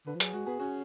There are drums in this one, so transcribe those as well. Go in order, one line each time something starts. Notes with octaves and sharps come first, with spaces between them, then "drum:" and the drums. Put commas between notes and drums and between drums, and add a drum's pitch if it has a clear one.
D3 B4
F3
F#3 G#4, drum: hi-hat
G#3 F#4
B3 G#4
C#4 F#4